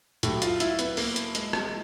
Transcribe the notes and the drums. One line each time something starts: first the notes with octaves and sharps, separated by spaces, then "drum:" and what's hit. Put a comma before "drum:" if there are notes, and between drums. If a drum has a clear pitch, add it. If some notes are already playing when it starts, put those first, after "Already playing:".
A2 F#3 G4, drum: hi-hat
F4, drum: hi-hat
E4, drum: hi-hat
B3, drum: hi-hat
A#3, drum: open hi-hat
drum: hi-hat
G#3, drum: hi-hat
drum: rim click